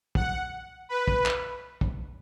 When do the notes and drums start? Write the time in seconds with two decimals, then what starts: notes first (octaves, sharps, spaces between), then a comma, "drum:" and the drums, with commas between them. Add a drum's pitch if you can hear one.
0.15 F#5, drum: kick
0.89 B4
1.08 drum: kick
1.26 drum: clap
1.81 drum: kick